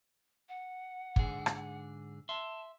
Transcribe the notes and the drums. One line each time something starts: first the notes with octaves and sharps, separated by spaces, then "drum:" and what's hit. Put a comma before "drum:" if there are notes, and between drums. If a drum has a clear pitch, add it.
F#5
G#2 D3 G#4, drum: kick
drum: rim click
E5 A5 C6